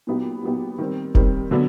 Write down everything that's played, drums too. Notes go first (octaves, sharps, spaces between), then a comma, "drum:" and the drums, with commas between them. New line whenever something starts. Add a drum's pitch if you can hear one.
A#2 F#3 B3 D#4 G4
A#2 F#3 B3 D#4 G4
D#3 G3 C4
D#3 G3 C4, drum: kick F1
D3 F#3 B3 D4